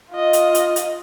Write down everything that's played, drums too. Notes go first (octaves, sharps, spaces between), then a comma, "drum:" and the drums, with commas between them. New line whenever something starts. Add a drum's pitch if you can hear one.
F4 D#5
drum: hi-hat
drum: hi-hat
drum: hi-hat